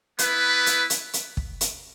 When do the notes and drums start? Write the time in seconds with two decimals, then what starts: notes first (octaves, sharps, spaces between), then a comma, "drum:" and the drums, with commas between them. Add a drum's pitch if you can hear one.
0.19 B3 E4 B4, drum: hi-hat
0.66 drum: hi-hat
0.90 drum: hi-hat
1.13 drum: hi-hat
1.37 drum: kick
1.61 drum: hi-hat